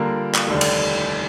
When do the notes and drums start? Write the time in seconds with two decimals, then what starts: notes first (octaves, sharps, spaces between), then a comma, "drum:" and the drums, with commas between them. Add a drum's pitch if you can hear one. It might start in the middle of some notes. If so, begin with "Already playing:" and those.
Already playing: D3 G3 A#3 F4 A#4
0.35 drum: clap
0.47 F1 D#2 D3 G3 D4
0.61 drum: cymbal